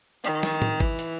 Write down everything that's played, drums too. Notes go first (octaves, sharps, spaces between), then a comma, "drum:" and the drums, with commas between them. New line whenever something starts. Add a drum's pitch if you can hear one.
D#3, drum: hi-hat
drum: snare
drum: tom
E3, drum: kick G#1
drum: hi-hat